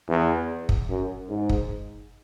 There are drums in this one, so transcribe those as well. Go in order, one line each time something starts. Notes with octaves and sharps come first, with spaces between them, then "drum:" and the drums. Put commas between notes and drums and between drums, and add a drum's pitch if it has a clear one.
E2
drum: kick
F#2
G#2
drum: kick